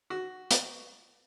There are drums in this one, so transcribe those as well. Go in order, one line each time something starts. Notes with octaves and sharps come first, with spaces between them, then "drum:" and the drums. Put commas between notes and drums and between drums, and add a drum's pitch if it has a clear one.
F#4
drum: hi-hat